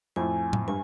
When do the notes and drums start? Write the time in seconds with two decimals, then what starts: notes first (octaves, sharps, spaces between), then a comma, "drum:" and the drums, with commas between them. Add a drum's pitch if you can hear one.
0.16 F2 A2 G#5
0.53 drum: tom
0.68 G2 G#5